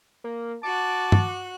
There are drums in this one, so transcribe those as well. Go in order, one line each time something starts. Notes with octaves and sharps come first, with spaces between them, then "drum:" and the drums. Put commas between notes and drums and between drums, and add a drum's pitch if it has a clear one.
A#3
F#4 A5 D6 F#6
drum: tom